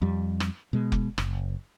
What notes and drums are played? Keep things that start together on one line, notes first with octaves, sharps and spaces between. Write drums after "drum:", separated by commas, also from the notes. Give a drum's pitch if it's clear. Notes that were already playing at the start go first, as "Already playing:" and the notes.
F2 G3
drum: rim click
B2 G#3
drum: kick F1
F#1, drum: rim click